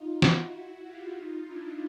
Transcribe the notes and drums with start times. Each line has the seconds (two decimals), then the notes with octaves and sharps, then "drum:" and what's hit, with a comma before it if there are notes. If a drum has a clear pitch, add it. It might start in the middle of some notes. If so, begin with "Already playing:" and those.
Already playing: D#4 F4
0.22 E4 F#4, drum: snare
0.84 F4 G4
1.15 D#4 F4
1.45 D4 E4